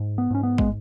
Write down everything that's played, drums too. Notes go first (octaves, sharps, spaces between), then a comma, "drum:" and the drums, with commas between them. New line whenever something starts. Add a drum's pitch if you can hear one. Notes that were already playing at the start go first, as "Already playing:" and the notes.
Already playing: G#2
B3
G#2 C#4
B3
G#3, drum: kick